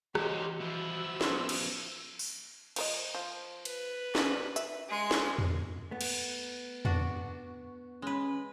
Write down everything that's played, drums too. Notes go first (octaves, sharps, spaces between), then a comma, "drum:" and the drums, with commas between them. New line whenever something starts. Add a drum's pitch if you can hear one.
E3 C#4 F#4 G4 C5 D#5, drum: rim click
F3 E4 E6
B3 C#4 C5, drum: snare
drum: cymbal
drum: open hi-hat
F3 A#4 D#5, drum: cymbal
F3
B4, drum: cymbal
C#4 D4, drum: snare
E5, drum: hi-hat
G#3 C6
drum: snare
drum: tom E2
A3 B3
drum: cymbal
D4 F#4, drum: tom E2
G#3 C#4 B4